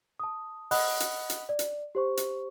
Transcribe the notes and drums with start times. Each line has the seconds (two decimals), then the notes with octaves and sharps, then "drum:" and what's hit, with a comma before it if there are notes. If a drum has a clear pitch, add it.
0.20 A5 D#6
0.71 D#5 F#5 B5 D#6 F#6, drum: open hi-hat
1.00 drum: hi-hat
1.30 drum: hi-hat
1.49 D5
1.59 drum: hi-hat
1.95 G4 C5 C#6
2.17 drum: hi-hat